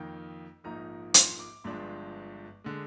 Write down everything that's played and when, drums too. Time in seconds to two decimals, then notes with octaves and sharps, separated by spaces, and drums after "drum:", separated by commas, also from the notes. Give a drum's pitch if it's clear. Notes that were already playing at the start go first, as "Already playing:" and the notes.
Already playing: F2 D#3 A#3 D#4 G5
0.64 A#1 G#2 F3 A#3 D#4 A#5
1.14 C6, drum: hi-hat
1.39 D6
1.64 G1 G2 F3 G#3 D4 C6
2.64 D3 G#3